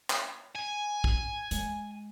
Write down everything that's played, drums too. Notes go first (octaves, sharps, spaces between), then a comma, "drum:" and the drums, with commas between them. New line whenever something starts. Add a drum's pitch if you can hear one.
drum: clap
G#5
drum: kick
G#3, drum: hi-hat